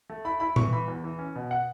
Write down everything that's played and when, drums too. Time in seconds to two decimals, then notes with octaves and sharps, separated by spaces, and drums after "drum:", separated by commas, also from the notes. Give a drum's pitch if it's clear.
0.10 A3
0.25 E4 B5
0.40 E4 B5
0.56 E3 C#6, drum: tom A#2
0.72 E3 B5
0.88 E2
1.04 E3
1.19 C#4
1.35 B2
1.51 F#5